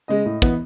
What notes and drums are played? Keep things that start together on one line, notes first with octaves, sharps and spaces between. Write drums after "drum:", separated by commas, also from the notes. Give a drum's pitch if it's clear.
C#3 G#3 D#5
A2
E3 B3, drum: kick, tambourine